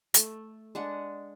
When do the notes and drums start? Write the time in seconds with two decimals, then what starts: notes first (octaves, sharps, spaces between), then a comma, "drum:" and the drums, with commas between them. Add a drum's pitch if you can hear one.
0.14 A3, drum: hi-hat
0.75 G#3 D4 F#5